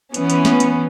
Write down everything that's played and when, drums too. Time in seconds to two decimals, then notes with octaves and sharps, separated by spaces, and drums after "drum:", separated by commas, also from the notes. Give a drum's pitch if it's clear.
0.14 E3 B3 C#4, drum: hi-hat
0.30 drum: hi-hat
0.45 drum: snare
0.60 drum: hi-hat